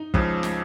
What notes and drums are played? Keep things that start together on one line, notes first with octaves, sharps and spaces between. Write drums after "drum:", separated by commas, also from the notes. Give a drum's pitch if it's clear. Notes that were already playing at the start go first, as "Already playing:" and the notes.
Already playing: D#4
C#2 C#3 F3, drum: kick
drum: snare